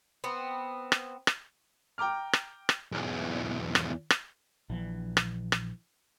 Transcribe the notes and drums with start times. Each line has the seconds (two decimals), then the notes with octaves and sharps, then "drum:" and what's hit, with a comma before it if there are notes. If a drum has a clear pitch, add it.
0.24 B3 C4
0.92 drum: rim click
1.27 drum: rim click
1.98 G5 A#5 D6 F6
2.33 drum: rim click
2.69 drum: rim click
2.93 B1 E2
3.75 drum: rim click
4.10 drum: rim click
4.70 A#1 E3
5.17 drum: rim click
5.52 drum: rim click